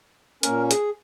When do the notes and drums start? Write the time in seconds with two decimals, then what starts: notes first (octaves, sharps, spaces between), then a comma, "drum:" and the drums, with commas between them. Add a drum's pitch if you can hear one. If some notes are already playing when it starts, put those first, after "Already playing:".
0.43 A#2 A#3 C#4 A#4, drum: hi-hat
0.71 G#4, drum: hi-hat